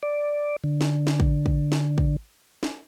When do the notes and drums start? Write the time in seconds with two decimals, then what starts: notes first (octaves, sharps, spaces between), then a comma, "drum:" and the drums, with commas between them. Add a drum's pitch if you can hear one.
0.03 D5
0.64 D3
0.81 drum: snare
1.07 drum: snare
1.20 drum: kick
1.46 drum: kick
1.72 drum: snare
1.98 drum: kick
2.63 drum: snare